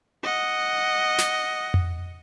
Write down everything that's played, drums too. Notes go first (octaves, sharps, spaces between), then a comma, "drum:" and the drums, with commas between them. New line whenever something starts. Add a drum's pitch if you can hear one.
D#5 F#5
drum: snare
drum: tom F2